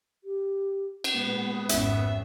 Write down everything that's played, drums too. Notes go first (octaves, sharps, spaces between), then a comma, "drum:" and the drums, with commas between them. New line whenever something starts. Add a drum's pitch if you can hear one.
G4
drum: cymbal
A#2 G#3 B3
G#1 F2 C#4 E5, drum: hi-hat